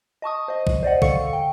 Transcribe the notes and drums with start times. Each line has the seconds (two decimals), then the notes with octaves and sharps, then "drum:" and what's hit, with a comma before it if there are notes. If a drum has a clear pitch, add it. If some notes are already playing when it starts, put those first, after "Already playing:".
0.22 D#5 A5 C#6 D#6
0.48 C5 D#5
0.67 drum: kick
0.83 C5 D5 D#5 F#5
1.02 D3 A4 F5 C#6 C#7, drum: kick
1.33 G5